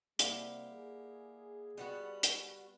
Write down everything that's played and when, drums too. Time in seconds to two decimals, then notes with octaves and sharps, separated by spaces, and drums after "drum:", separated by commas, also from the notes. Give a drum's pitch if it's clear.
0.19 C3 G3 A#3 E4 G4 D5 F#5, drum: hi-hat
0.73 G#4
1.78 G3 B3 F#4 D#5
2.23 drum: hi-hat